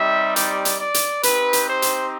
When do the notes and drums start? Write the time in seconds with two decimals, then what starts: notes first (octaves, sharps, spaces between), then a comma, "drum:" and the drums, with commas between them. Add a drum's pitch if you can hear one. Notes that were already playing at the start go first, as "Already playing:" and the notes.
Already playing: G3 C4 D#4 G4 E5
0.36 D5, drum: hi-hat
0.65 drum: hi-hat
0.80 D5
0.94 drum: hi-hat
1.23 C4 D#4 G4 B4, drum: hi-hat
1.53 drum: hi-hat
1.68 C5
1.82 drum: hi-hat